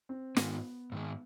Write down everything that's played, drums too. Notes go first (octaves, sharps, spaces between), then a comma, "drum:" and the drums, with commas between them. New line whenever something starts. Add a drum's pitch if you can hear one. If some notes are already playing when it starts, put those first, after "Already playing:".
C4
G#2 D#3 G#3 B3, drum: snare
G#2 D#3 G#3